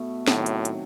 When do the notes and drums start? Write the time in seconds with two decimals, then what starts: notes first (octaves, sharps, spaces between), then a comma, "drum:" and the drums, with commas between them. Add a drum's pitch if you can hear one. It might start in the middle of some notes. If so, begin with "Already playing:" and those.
Already playing: B2 A3 E4
0.28 A2 C3 D#3 F#3, drum: snare
0.46 drum: hi-hat
0.65 drum: hi-hat